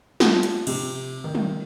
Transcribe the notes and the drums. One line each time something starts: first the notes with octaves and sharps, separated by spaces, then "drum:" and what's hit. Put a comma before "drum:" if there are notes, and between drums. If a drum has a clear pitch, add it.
F3, drum: snare
drum: hi-hat
C3, drum: cymbal
D#3
drum: tom